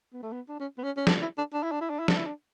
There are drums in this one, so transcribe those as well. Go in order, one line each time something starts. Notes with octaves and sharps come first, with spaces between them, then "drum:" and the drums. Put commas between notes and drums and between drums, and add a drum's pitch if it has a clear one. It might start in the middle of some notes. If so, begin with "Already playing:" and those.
B3
A3
B3
D4
C#4
B3
C#4
C#4
D4, drum: snare
E4
D4
D4
E4
D4
E4
D4
E4
D4, drum: snare
E4
D4